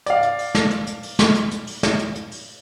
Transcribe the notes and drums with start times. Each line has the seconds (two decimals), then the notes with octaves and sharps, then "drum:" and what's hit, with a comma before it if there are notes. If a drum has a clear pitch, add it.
0.06 D5 F5, drum: hi-hat
0.23 drum: hi-hat
0.39 drum: open hi-hat
0.55 drum: snare
0.71 drum: hi-hat
0.87 drum: hi-hat
1.03 drum: open hi-hat
1.19 drum: snare
1.35 drum: hi-hat
1.51 drum: hi-hat
1.67 drum: open hi-hat
1.83 drum: snare
1.99 drum: hi-hat
2.15 drum: hi-hat
2.31 drum: open hi-hat